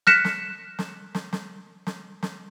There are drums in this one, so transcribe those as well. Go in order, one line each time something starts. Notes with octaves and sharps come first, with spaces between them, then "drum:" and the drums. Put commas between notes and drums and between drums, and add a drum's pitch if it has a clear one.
F6 F#6 A#6 B6 C#7 E7, drum: snare
drum: snare
drum: snare
drum: snare
drum: snare
drum: snare
drum: snare